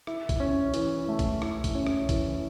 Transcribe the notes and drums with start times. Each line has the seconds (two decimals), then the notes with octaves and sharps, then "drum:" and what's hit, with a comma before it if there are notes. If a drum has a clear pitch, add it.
0.07 E4, drum: rim click
0.29 drum: kick, hi-hat
0.40 C#4
0.74 E3, drum: hi-hat
1.08 A3
1.19 drum: kick, hi-hat
1.42 E4, drum: rim click
1.64 drum: kick, hi-hat
1.75 C#4
1.87 drum: rim click
2.09 E3, drum: kick, hi-hat